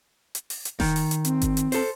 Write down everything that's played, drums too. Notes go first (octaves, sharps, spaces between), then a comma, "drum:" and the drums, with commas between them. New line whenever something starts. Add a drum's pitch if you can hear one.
drum: hi-hat
drum: open hi-hat
drum: hi-hat
D#3, drum: snare E1
drum: open hi-hat
drum: hi-hat
C4, drum: hi-hat
drum: kick G1, hi-hat
drum: hi-hat
A4 C5, drum: open hi-hat